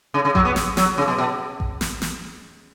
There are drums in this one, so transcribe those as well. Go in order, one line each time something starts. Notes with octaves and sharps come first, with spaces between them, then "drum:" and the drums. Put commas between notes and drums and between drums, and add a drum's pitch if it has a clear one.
C#3
C#3
F#3, drum: kick A1
B3
drum: snare
F#3, drum: snare
C#3
B2
B2
drum: kick A1
drum: snare
drum: snare